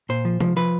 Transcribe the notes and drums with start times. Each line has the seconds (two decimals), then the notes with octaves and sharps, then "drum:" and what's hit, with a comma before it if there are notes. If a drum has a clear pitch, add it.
0.09 A#2 C5
0.25 F3
0.40 F3, drum: tom C3
0.56 F3 B4